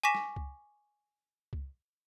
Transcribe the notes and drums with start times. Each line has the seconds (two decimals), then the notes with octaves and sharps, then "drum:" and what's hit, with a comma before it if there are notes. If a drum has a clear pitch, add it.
0.03 G#5 C#6 D6 A#6 B6 E7
0.15 drum: snare
0.36 drum: kick C#2
1.53 drum: kick C#2